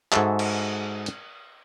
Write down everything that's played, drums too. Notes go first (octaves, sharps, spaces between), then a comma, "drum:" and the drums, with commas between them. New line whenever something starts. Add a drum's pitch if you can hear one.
G#2 F#4 G#4 A4 E5, drum: clap
drum: cymbal
drum: hi-hat